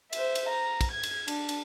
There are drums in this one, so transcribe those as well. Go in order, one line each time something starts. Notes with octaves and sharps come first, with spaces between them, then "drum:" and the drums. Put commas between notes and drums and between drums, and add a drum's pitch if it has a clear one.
C5 E5, drum: cymbal
drum: cymbal
A#5
drum: kick, cymbal
G#6
drum: cymbal
D4, drum: cymbal
drum: cymbal